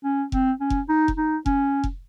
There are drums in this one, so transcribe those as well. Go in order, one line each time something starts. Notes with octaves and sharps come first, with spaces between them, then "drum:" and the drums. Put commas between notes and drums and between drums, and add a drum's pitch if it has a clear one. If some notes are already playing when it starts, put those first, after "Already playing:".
C#4
C4, drum: kick F1
C#4
drum: kick F1
D#4
drum: kick F1
D#4
C#4, drum: kick F1
drum: kick F1